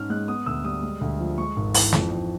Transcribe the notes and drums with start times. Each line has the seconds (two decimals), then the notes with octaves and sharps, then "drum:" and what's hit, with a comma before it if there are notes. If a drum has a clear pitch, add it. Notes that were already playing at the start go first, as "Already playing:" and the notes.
Already playing: G#2 C#4 F6
0.10 G#3 F#6
0.28 B3 D#6
0.46 D2 E6
0.65 G3 D#6
0.83 G#3
1.01 D2
1.20 F3
1.38 G#3 C#6
1.56 G#1
1.74 E3, drum: open hi-hat
1.93 F2, drum: snare
2.11 F2